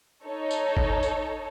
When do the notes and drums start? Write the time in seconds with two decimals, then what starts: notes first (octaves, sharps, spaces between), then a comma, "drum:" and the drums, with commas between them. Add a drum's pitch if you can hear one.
0.24 D#4 A4 C#5
0.51 drum: tambourine
0.77 drum: kick G1
1.03 drum: tambourine